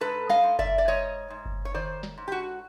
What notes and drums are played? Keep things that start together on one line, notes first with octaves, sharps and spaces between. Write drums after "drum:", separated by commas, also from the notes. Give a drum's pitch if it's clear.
G#2 A4 B4
D#5 F5, drum: snare
G#2
D5 E5, drum: kick F#1
D5
G#2 C#5 D#5
G#2
drum: kick F#1
C#5
D#3 C5 D5
drum: snare
G#2
G4
F#4